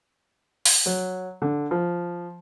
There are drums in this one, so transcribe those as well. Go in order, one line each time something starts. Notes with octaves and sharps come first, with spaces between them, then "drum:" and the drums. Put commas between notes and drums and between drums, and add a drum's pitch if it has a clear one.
drum: open hi-hat
F#3
D3
F3